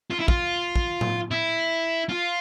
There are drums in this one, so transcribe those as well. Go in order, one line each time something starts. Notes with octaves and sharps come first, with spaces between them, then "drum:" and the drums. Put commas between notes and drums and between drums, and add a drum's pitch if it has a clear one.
F4
E4
F4, drum: kick
drum: kick
drum: tom A2
E4
F4